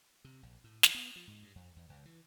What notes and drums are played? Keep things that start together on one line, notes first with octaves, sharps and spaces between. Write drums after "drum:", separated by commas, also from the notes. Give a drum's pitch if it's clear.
C3
A#1
A2
E3, drum: snare
B3
F3
G#2
G2
F2
E2
C#2
E3